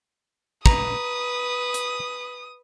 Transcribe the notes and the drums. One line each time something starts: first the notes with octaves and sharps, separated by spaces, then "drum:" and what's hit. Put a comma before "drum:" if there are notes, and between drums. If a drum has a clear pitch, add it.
B4 A#5 D#6, drum: kick
drum: hi-hat